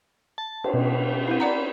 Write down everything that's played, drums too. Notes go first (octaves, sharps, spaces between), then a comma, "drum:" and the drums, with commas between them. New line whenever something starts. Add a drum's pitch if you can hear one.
A5
drum: cymbal
B2
C4 E4
D5 F#5 A#5 B5